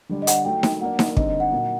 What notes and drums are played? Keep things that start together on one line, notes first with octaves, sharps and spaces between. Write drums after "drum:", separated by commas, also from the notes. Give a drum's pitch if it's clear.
D3 G3 D4
D#5
F#5, drum: hi-hat
F#3 A3 D#4 G5
drum: snare D#4
F#3 A#3 D4 F#5
drum: snare D#4
D3 G3 C4 D#4 D#5, drum: kick
D#5
F#5
A#2 F#3 A#3 D#4